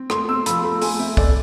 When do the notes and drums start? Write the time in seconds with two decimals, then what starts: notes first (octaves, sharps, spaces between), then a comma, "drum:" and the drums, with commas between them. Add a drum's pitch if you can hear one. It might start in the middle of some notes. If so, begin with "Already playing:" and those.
Already playing: C4
0.10 A3 C6, drum: rim click
0.29 C4 E6
0.46 F3 B5, drum: hi-hat
0.59 C6
0.63 A3 B5
0.82 A3 G#5, drum: open hi-hat
0.99 C4 E5
1.17 A3 D5, drum: kick